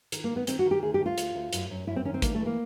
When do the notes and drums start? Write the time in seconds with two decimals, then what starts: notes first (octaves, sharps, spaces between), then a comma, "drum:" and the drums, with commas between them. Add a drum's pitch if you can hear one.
0.12 D#3, drum: hi-hat
0.24 A#3
0.30 D#3
0.36 B3
0.47 D#3 C4, drum: hi-hat
0.59 F#4
0.66 D#3
0.71 G4
0.83 D2 G#4
0.94 G4
1.00 D2
1.06 F4
1.18 D2, drum: hi-hat
1.35 D2
1.53 F#2, drum: hi-hat
1.70 F#2
1.87 F#2 E4
1.96 C4
2.05 D#3 C#4
2.14 C4
2.22 D2 A#3, drum: kick, hi-hat
2.35 A3
2.40 E3
2.46 A#3